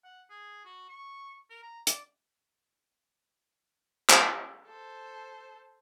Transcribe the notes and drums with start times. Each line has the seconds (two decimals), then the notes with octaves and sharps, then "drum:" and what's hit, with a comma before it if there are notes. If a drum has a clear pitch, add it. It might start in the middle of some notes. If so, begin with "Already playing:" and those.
0.04 F#5
0.30 G#4
0.65 F#4
0.89 C#6
1.50 A#4
1.63 A#5
1.87 D5, drum: hi-hat
4.10 drum: clap
4.67 A4 C5